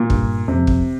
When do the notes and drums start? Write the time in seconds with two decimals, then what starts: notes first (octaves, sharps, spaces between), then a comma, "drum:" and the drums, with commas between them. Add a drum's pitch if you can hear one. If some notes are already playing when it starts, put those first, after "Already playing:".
Already playing: A#2
0.10 G2, drum: kick
0.48 F2 C3
0.67 drum: kick